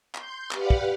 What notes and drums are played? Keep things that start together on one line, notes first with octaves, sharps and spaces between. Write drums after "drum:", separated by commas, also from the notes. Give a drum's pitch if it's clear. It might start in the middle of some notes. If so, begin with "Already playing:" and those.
C6 G6, drum: clap
G4 B4 D5 F5 F#5, drum: clap
drum: kick